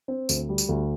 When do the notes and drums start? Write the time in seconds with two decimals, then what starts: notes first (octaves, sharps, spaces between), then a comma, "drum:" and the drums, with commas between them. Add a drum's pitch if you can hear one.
0.08 C4
0.29 D2, drum: tambourine
0.49 G3
0.58 drum: tambourine
0.69 D2